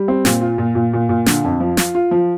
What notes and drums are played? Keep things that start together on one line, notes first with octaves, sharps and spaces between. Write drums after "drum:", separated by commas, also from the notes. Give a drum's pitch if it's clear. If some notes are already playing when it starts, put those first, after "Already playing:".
Already playing: G3
C4
A#2, drum: snare
F4
A#2
A#2
A#2
A#2
D3, drum: snare
F2
F3
F4, drum: snare
F4
F3